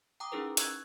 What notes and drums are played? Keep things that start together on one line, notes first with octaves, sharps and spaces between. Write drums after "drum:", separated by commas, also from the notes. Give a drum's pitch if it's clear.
G5 A#5 D6 D#6
C#4 D#4 E4 G#4 A#4 B4
C#6 E6 F#6 G#6, drum: hi-hat